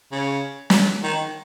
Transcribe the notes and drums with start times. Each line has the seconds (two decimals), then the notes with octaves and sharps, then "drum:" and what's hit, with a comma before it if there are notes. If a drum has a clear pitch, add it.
0.12 C#3
0.70 drum: snare
1.03 D#3